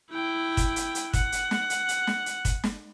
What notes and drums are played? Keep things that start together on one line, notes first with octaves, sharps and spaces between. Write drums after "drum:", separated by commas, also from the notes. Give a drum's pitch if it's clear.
E4 G5
drum: kick, hi-hat
drum: hi-hat
drum: hi-hat
F#5, drum: kick, hi-hat
drum: hi-hat
drum: snare
drum: hi-hat
drum: hi-hat
drum: snare
drum: hi-hat
drum: kick, hi-hat
drum: snare